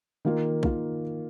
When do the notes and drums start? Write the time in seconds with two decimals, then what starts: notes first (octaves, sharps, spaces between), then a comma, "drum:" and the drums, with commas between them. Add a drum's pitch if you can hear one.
0.25 D#3 A#3 F4
0.63 D#3 A#3 F4, drum: kick A#1